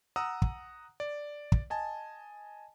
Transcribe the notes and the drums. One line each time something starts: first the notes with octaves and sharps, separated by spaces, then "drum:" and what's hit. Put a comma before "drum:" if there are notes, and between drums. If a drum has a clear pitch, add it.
F#5 A#5 D#6 E6
drum: kick
D5
drum: kick
D#5 G#5 A5